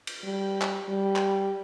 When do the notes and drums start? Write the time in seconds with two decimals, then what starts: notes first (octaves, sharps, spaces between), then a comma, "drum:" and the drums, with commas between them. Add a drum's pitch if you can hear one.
0.07 drum: cymbal
0.24 G3
0.62 drum: clap
0.89 G3
1.16 drum: clap